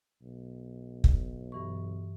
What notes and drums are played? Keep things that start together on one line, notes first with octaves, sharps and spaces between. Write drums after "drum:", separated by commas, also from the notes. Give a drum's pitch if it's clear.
B1
drum: kick
G2 E3 C#6